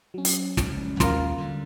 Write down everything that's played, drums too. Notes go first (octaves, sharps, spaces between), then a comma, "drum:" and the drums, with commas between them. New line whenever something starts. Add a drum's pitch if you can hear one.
F#3 C#4
drum: hi-hat
F1 C#2 F#2, drum: snare
D#2 C3 G#3 F4 A#4 C6, drum: snare
D3 G3